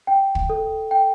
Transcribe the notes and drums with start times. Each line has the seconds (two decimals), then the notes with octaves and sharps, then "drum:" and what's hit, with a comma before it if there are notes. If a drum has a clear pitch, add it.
0.07 G5
0.35 drum: kick
0.50 A4
0.91 G5